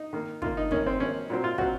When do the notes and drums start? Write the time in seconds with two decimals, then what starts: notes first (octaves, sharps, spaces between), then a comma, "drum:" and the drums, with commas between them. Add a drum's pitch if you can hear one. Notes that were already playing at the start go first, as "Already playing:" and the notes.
Already playing: D#4
0.13 D#3 A#3
0.42 D#3 A#3 F4, drum: kick
0.57 D#4
0.71 D#3 A#3 C#4, drum: kick
0.86 C4
1.00 D#3 A#3 C#4
1.30 A#2 F#3 C4
1.44 F4
1.58 A#2 F#3 C4 F#4, drum: kick